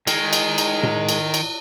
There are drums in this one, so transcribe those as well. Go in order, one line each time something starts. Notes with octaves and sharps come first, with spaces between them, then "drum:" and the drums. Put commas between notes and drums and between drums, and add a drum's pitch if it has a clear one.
D#3 G#3, drum: cymbal
drum: cymbal
drum: cymbal
drum: tom A2
drum: cymbal
drum: cymbal